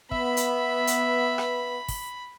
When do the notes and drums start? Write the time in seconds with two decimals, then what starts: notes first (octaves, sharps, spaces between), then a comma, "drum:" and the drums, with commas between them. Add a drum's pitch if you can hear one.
0.11 B3 E5 B5, drum: kick
0.37 drum: hi-hat
0.87 drum: hi-hat
1.38 drum: rim click
1.89 drum: kick, open hi-hat